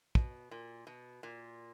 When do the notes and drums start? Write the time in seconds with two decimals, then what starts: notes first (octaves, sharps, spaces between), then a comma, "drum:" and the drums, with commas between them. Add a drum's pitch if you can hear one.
0.15 B2, drum: kick
0.51 A#2
0.87 B2
1.23 A#2